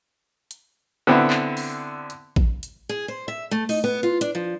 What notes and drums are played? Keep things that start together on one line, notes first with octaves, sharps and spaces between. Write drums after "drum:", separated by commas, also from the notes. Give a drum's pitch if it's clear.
drum: hi-hat
D3 B3 C4 E4
drum: clap
drum: open hi-hat
drum: hi-hat
drum: kick A1
drum: hi-hat
G#4
C5
E5
A3
D#4, drum: open hi-hat
B3
F4
D4, drum: hi-hat
F3